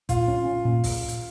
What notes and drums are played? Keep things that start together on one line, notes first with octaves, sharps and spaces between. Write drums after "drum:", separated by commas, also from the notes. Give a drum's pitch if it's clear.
A#2 F4, drum: kick, hi-hat
C#4
C#4
A#2
drum: kick, open hi-hat
drum: hi-hat